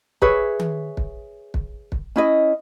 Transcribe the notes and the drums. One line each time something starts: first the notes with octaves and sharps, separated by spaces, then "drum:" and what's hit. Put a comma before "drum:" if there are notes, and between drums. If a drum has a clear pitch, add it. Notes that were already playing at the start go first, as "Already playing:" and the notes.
G#4 B4 C#5 E5, drum: kick
drum: tom D#3
drum: kick
drum: kick
drum: kick
C#4 E4 D#5